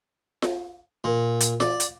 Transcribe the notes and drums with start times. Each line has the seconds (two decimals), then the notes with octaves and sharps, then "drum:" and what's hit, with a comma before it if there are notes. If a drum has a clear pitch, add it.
0.42 drum: snare F4
1.04 A#2
1.40 drum: hi-hat
1.60 D5, drum: snare F4
1.80 drum: hi-hat